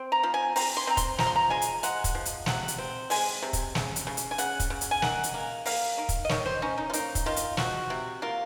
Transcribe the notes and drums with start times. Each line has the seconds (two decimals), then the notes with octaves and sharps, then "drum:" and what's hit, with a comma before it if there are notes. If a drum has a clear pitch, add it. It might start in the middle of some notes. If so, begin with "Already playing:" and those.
Already playing: C4
0.12 A#5
0.23 F3
0.34 G#5
0.56 C4 A#5, drum: open hi-hat
0.77 C6
0.87 C4 A#5
0.97 C6, drum: kick, hi-hat
1.18 F3 A#5, drum: snare
1.27 C6
1.36 A#5
1.50 G#3 G#5
1.62 drum: hi-hat
1.83 G#3 F#5, drum: hi-hat
2.04 drum: kick, hi-hat
2.15 F3
2.25 drum: hi-hat
2.46 C3 F#5, drum: snare
2.68 drum: hi-hat
2.78 C4
3.10 G#3 G#5, drum: open hi-hat
3.42 C3
3.53 drum: kick, hi-hat
3.75 C#3, drum: snare
3.96 drum: hi-hat
4.07 C#3
4.17 drum: hi-hat
4.31 G#5
4.38 C#3 F#5, drum: hi-hat
4.60 drum: kick, hi-hat
4.70 C#3
4.81 drum: hi-hat
4.91 G#5
5.02 D#3 F#5, drum: snare
5.24 drum: hi-hat
5.34 A#3
5.66 A#3 F5, drum: open hi-hat
5.98 D#3
6.09 drum: kick, hi-hat
6.25 D#5
6.29 D#3 C#5, drum: snare
6.46 C5
6.62 C#4 D#4
6.78 D#4
6.90 F4
6.93 A#3 D#4, drum: hi-hat
7.15 drum: kick, hi-hat
7.26 D#3 F4
7.36 drum: hi-hat
7.57 F3 F#4, drum: snare
7.90 C3
8.22 A#3 F4